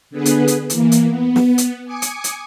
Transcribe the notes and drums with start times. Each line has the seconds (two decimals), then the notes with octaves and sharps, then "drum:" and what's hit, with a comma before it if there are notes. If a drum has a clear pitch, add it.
0.11 D3 B3 G#4 B4
0.25 drum: hi-hat
0.48 drum: hi-hat
0.70 E3 A#3, drum: hi-hat
0.92 drum: hi-hat
1.08 B3
1.36 drum: snare
1.58 drum: hi-hat
1.85 G#5 D6 D#6 C#7
2.02 drum: hi-hat
2.24 drum: hi-hat